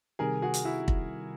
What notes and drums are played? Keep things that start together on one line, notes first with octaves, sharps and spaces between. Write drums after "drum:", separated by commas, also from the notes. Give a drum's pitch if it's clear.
C3 D#3 G3 G#4 A#4
F#4 G#4
drum: hi-hat
E4 F#4
drum: kick